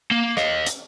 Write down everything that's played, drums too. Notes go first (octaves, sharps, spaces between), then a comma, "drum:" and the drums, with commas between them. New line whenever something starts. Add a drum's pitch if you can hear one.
A#3
D#5 F5, drum: rim click
drum: hi-hat